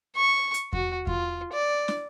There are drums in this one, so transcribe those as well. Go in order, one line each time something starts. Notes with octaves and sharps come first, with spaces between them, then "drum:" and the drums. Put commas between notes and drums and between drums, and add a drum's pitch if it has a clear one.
C#6
drum: hi-hat
F#4, drum: kick E2
F4, drum: kick E2
D5
drum: snare